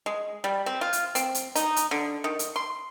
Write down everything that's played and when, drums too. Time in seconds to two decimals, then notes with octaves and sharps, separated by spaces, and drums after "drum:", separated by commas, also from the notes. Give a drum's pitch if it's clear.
0.06 G#3
0.44 G3
0.66 C4
0.81 F4
0.93 drum: hi-hat
1.15 C4, drum: hi-hat
1.35 drum: hi-hat
1.55 D#4, drum: hi-hat
1.76 drum: hi-hat
1.91 D3
2.24 D#3
2.39 drum: hi-hat
2.56 C6